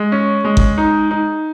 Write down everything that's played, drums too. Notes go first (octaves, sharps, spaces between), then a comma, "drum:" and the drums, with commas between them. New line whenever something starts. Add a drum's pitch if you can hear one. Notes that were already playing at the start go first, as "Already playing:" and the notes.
Already playing: G#3
C#4
G#3
drum: kick G1
D#4
D#4